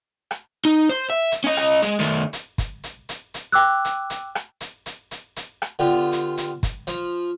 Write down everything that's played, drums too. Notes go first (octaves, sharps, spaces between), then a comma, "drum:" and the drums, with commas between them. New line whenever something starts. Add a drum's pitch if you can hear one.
drum: rim click
D#4
C5
E5
drum: hi-hat
C#4 D#5
drum: rim click
G#3, drum: hi-hat
D#3 A3
drum: hi-hat
drum: kick, hi-hat
drum: hi-hat
drum: hi-hat
drum: hi-hat
G5 D6 E6 F#6
drum: hi-hat
drum: hi-hat
drum: rim click
drum: hi-hat
drum: hi-hat
drum: hi-hat
drum: hi-hat
drum: rim click
D3 B3 F4 G4
drum: hi-hat
drum: hi-hat
drum: kick, hi-hat
F3, drum: hi-hat